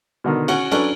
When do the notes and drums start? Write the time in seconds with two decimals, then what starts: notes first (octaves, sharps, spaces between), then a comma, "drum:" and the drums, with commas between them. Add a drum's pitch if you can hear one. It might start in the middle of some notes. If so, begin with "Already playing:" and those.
0.24 B2 D3 D#3
0.48 C#4 F#4 F#5, drum: cymbal
0.72 F#3 C#4 D4 A4 B4, drum: cymbal